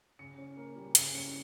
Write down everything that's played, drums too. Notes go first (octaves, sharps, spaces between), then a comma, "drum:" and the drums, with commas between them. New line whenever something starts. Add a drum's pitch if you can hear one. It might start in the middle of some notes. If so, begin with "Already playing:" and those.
C#3 C#7
C#4
A#3
G3
C#3 C#7, drum: hi-hat
C#4 C#7